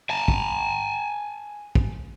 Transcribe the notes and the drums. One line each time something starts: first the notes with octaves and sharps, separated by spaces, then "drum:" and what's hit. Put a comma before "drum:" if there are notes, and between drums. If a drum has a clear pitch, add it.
G#5 A5
drum: kick
drum: kick